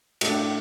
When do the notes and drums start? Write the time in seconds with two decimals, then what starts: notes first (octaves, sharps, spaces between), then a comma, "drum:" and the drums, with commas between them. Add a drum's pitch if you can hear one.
0.21 A2 A3 D4, drum: cymbal